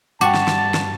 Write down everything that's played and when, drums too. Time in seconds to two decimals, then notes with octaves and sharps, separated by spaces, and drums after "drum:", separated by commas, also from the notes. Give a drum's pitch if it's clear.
0.21 G2 F#4 G5 A5 D6, drum: tambourine
0.34 drum: snare
0.48 drum: snare
0.74 drum: snare